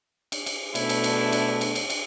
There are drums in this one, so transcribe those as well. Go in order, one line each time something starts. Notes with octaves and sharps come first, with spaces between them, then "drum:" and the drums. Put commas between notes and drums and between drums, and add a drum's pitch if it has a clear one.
drum: cymbal
drum: cymbal
B2 A3 D4 E4, drum: cymbal
drum: cymbal
drum: cymbal
drum: cymbal
drum: cymbal
drum: cymbal
drum: cymbal